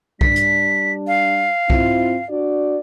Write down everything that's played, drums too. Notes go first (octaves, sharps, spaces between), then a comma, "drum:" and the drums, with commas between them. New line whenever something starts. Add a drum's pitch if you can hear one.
G3 D4 B6, drum: kick B1
drum: hi-hat
F5
C4 E4 F4, drum: kick B1
D4 F#4 D5